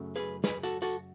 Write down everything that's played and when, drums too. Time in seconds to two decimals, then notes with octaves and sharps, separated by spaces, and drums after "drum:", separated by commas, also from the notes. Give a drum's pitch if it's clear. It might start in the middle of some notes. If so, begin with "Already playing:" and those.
Already playing: F#2 C#3 F#3 A3
0.16 G#4 B4
0.44 G#4 B4, drum: snare
0.63 F#4 A4, drum: tambourine
0.82 F#4 A4, drum: tambourine